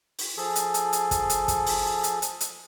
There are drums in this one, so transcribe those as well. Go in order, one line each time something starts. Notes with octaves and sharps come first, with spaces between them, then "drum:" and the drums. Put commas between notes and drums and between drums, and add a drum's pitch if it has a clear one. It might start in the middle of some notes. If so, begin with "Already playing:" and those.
drum: open hi-hat
F3 G#4 A4
drum: hi-hat
drum: hi-hat
drum: hi-hat
drum: kick, hi-hat
drum: hi-hat
drum: kick, hi-hat
drum: open hi-hat
drum: hi-hat
drum: hi-hat
drum: hi-hat